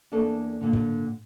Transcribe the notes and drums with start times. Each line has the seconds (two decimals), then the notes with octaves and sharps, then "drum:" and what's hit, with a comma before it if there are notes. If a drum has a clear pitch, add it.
0.12 E2 A#3 D4 A4
0.61 A#2 D3
0.73 drum: tom G#2